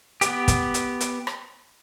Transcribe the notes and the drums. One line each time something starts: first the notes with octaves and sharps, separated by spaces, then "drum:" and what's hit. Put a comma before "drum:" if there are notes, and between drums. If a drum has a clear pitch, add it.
B3 G4, drum: hi-hat
drum: kick, hi-hat
drum: hi-hat
drum: hi-hat
drum: rim click